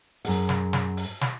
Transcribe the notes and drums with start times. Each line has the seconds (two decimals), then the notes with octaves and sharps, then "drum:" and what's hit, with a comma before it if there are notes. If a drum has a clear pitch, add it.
0.25 F#2 G#4 F#5, drum: open hi-hat
0.49 drum: snare
0.73 drum: snare
0.97 drum: open hi-hat
1.21 drum: snare